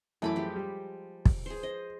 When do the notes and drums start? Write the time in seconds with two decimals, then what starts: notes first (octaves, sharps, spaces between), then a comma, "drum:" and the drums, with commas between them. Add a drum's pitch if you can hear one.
0.22 F#2 E3 A3 G#5 B5 D6
0.36 F3 G#3 G4
0.56 G3
1.25 drum: kick
1.46 G#4 C5
1.63 C5 D#5